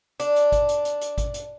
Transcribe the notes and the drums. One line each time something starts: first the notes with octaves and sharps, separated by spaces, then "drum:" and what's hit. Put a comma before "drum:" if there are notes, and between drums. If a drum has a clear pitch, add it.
D4, drum: hi-hat
drum: hi-hat
drum: kick G#1, hi-hat
drum: hi-hat
drum: hi-hat
drum: hi-hat
drum: kick G#1, hi-hat
drum: hi-hat